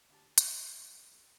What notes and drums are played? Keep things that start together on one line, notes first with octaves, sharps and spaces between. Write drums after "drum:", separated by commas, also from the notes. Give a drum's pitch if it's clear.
D2 G4 A5
F5 F6, drum: hi-hat